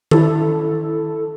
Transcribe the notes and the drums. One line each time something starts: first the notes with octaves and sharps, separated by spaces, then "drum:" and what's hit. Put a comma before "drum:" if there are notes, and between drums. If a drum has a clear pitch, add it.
E4 A4, drum: tom D#3